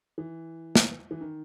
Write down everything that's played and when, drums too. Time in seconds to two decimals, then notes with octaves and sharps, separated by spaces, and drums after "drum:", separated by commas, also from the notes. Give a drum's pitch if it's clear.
0.18 E3
0.75 drum: snare
1.11 E3
1.21 D#3